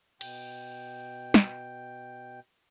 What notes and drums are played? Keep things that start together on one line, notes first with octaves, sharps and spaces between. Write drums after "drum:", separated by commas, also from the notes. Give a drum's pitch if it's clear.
B2 G5, drum: cymbal
drum: snare